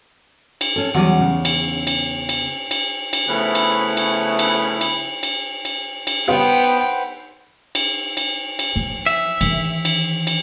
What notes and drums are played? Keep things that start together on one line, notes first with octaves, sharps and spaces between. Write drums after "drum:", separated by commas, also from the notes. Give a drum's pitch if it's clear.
drum: cymbal
C#4 A4
E2 F#3 G3 C#4 D5
C#3
drum: cymbal
drum: cymbal
drum: cymbal
drum: cymbal
drum: cymbal
C#3 F3 A3 B3 E4
drum: cymbal
drum: cymbal
drum: cymbal
drum: cymbal
drum: cymbal
drum: cymbal
drum: cymbal
C#3 G3 B3 F4 B4 C5 F#5 G5
drum: cymbal
drum: cymbal
drum: cymbal
F3
E5
D#3 E3, drum: cymbal
drum: cymbal
drum: cymbal